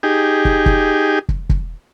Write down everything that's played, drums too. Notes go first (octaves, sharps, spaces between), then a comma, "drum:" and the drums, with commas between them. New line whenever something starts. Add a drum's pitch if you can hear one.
D#4 G4 G#4
drum: kick
drum: kick
drum: kick
drum: kick